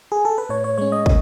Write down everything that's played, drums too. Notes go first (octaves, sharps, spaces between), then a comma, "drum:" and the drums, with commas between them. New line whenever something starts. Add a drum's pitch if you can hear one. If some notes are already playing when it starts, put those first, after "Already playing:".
G#4
A4
B4
A2 C#5
C#5
G#3 C#4 C#5
D#5
A2, drum: kick